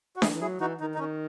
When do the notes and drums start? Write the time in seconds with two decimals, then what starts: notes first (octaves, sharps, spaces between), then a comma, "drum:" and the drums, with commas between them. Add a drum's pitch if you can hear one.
0.16 F#4
0.22 E3 E4 G#4, drum: snare D4
0.34 E3
0.41 F#3 E4 G#4
0.60 E3 D#4 F#4
0.80 D#3 D#4
0.94 D#4
0.99 D#3 C#4